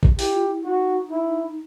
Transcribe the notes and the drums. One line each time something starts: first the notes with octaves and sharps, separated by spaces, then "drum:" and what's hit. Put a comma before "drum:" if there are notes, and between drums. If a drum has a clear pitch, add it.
drum: kick
E4 G4, drum: open hi-hat
F4
E4
D#4 F#4
E4